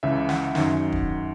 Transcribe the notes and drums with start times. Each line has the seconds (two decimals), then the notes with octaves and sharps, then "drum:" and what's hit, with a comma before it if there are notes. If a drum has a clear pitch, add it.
0.03 C#2 C#3 E3 E5
0.29 F#5, drum: snare
0.55 F#2 D#3, drum: snare
0.92 drum: kick